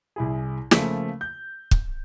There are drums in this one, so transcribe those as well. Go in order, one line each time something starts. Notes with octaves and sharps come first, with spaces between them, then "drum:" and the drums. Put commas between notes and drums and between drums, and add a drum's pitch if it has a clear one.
C2 E4 G#4
C#3 F3 A3 A#3, drum: snare
G6
drum: kick